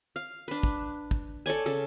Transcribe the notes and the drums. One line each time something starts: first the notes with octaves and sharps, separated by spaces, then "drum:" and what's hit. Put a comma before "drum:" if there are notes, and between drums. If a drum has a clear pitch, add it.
F5
D4 B4
drum: kick
drum: kick
A4 C#5 D5 G#5
C#3 A4